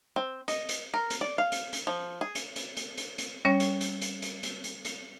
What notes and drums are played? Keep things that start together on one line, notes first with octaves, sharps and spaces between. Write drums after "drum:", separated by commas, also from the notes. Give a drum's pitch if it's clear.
C4
D#5, drum: hi-hat
drum: hi-hat
A#4
drum: hi-hat
D5
F5
drum: hi-hat
drum: hi-hat
F3
G#4
drum: hi-hat
drum: hi-hat
drum: hi-hat
drum: hi-hat
drum: hi-hat
G3 C#4 C#5
drum: hi-hat
drum: hi-hat
drum: hi-hat
drum: hi-hat
drum: hi-hat
drum: hi-hat
drum: hi-hat